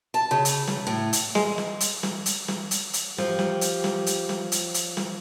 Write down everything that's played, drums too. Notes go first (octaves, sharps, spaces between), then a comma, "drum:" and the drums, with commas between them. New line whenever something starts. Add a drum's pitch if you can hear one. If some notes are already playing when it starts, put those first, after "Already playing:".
A5
C#3
drum: hi-hat
drum: snare
A2
drum: hi-hat
G#3, drum: snare
drum: snare
drum: hi-hat
drum: snare
drum: hi-hat
drum: snare
drum: hi-hat
drum: hi-hat
F3 G4, drum: snare
drum: snare
drum: hi-hat
drum: snare
drum: hi-hat
drum: snare
drum: hi-hat
drum: hi-hat
drum: snare